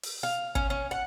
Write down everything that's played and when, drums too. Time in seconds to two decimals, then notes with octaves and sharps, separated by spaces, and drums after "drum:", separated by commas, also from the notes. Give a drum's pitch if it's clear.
0.03 drum: open hi-hat
0.23 F5
0.55 C#4, drum: kick
0.70 C#4
0.91 F#5